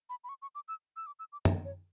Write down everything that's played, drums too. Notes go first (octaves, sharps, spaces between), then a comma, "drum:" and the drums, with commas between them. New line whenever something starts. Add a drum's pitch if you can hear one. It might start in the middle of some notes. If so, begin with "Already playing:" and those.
B5
B5
C#6
C#6
D6
E6
E6
D6
E6
D6
E5, drum: tom F#2
C#5